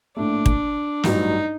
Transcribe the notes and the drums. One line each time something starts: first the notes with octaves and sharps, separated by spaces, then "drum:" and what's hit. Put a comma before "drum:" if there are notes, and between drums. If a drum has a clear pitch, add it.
A#1 A2 A3 D4
drum: kick
A1 G2 F#3 D#4, drum: snare